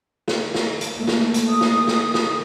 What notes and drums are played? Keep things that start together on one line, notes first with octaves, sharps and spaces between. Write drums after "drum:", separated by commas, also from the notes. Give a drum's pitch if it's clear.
drum: snare
drum: snare
drum: hi-hat
A3 A#3
drum: snare
drum: hi-hat
D#6
drum: snare
drum: snare
drum: snare